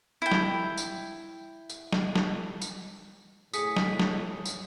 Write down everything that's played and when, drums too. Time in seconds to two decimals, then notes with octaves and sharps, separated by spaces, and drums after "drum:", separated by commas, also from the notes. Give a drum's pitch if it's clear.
0.22 E4 G5
0.32 drum: snare
0.78 drum: tambourine
1.70 drum: tambourine
1.93 drum: snare
2.16 drum: snare
2.61 drum: tambourine
3.53 A2 G#4 D#6 B6 C#7, drum: tambourine
3.76 drum: snare
3.99 drum: snare
4.45 drum: tambourine